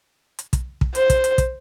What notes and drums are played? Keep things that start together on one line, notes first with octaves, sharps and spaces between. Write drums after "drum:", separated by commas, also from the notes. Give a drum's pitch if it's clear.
drum: hi-hat
drum: kick, hi-hat
drum: kick
C5, drum: hi-hat
drum: kick, hi-hat
drum: hi-hat
drum: kick, hi-hat